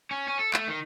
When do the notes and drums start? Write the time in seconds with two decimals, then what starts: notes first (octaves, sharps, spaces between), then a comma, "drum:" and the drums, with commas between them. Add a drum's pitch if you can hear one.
0.11 C#4
0.28 C#4
0.39 A4
0.54 A3, drum: clap
0.67 D#3